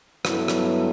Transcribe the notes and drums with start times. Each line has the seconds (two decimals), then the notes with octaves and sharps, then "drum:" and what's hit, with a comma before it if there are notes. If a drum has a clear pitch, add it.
0.25 G2 F#3 B3 E4 A4, drum: rim click
0.48 drum: rim click